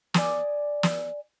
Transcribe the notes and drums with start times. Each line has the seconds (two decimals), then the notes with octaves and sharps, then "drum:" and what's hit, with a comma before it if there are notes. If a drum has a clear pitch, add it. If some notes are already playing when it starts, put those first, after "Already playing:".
0.14 D5 G#5 D6 D#6, drum: snare
0.83 drum: snare